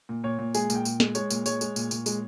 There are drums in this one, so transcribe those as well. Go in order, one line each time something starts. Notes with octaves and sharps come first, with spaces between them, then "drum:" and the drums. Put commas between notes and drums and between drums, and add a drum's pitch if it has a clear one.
A#2
A#2 C#5
A#2
G#3 G#4, drum: tambourine
A#2, drum: tambourine
G5
A#2, drum: tambourine
G#3, drum: snare
G#3 C#5, drum: tambourine
A#2, drum: tambourine
G#3 C#5, drum: tambourine
G#3, drum: tambourine
A#2, drum: tambourine
A#2, drum: tambourine
G#3, drum: tambourine